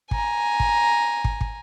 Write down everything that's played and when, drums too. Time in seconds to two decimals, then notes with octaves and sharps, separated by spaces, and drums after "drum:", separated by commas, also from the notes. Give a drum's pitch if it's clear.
0.11 G#5 A#5, drum: kick
0.60 drum: kick
1.24 drum: kick
1.41 drum: kick